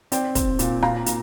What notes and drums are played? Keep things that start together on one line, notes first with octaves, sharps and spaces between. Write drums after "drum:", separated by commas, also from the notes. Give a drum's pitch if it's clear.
C4 D5 G5, drum: hi-hat
C4, drum: kick, hi-hat
A#2, drum: hi-hat
A#2 F5 A#5, drum: rim click
A#2, drum: hi-hat